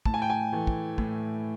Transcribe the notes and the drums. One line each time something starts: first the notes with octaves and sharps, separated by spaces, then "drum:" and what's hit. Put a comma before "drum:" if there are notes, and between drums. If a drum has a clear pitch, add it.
A2 A5, drum: kick
G#5
G5
G#5
E3 A3
drum: kick
A2, drum: kick